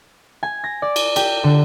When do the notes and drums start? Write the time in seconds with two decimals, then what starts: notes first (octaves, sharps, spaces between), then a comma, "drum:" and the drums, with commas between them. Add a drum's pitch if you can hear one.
0.43 G#5
0.64 A#6
0.82 D5
0.96 drum: cymbal
1.16 G4, drum: cymbal
1.44 D3